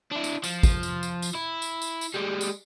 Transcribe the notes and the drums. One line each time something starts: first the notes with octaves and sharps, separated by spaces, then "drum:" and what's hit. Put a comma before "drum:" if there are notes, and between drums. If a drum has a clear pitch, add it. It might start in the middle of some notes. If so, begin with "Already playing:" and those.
D4 E4
drum: tambourine
F3, drum: tambourine
drum: kick, tambourine
drum: tambourine
drum: tambourine
drum: tambourine
E4
drum: tambourine
drum: tambourine
drum: tambourine
G3 G#3
drum: tambourine